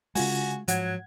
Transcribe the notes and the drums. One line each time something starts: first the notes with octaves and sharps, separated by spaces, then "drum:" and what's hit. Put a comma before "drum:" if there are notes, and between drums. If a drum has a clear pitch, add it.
C#3 G#3 F4 F#4 G#5, drum: open hi-hat
G#2 F3 F#3 F#5 G#6, drum: hi-hat